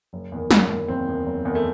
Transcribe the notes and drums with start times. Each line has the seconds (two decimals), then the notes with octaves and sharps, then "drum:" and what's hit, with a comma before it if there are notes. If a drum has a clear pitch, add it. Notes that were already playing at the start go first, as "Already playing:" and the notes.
0.13 F#1
0.32 E2 D#3
0.51 F#1, drum: snare
0.69 E2 D#3
0.88 F#1 C4
1.08 E2 D#3
1.26 F#1
1.45 E2 D#3
1.55 A3